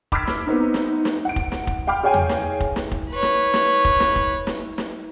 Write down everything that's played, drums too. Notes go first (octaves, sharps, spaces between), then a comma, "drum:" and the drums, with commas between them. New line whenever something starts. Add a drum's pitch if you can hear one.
B5 D6 E6 F6 G#6 B6, drum: kick F1
drum: snare
B3 C4 D#4
drum: snare
drum: snare
F#5 D7
drum: kick F1
drum: snare
drum: kick F1
F5 G5 B5 D6 F6
G#4 C#5 F5 G5 G#5
drum: tom E2
drum: snare
drum: kick F1
drum: snare
drum: kick F1
B4 C#5
drum: snare
drum: snare
drum: kick F1
drum: snare
drum: kick F1
drum: snare
drum: snare